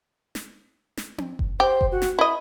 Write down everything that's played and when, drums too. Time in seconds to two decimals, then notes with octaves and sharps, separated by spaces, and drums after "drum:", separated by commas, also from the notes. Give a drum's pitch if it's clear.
0.35 drum: snare
0.97 drum: snare
1.18 drum: tom C4
1.39 drum: kick F#1
1.60 G4 C5
1.81 drum: kick F#1
1.91 F#4
2.02 drum: snare
2.19 E4 D#5 B5